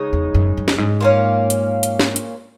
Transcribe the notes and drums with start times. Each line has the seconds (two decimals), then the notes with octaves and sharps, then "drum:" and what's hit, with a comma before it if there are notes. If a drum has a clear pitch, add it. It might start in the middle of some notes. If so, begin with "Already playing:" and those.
Already playing: C#3 G#3 D#4
0.13 E2
0.34 F#2
0.57 F#2
0.68 drum: snare
0.78 G#2
1.01 A#2 A#3 C#4
1.50 drum: hi-hat
1.83 drum: hi-hat
1.99 drum: snare
2.16 drum: hi-hat